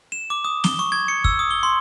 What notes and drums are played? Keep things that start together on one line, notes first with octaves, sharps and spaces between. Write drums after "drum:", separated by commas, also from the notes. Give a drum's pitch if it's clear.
E7
D6
D#6
G7, drum: snare
C#6
G#6
C#7
E6, drum: kick
D#6
G7
C6